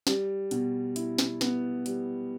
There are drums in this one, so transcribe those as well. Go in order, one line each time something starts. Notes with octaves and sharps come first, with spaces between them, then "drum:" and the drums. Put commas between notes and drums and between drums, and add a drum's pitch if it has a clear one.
G3, drum: snare
B2, drum: hi-hat
E4, drum: hi-hat
drum: snare
B3, drum: snare
G3, drum: hi-hat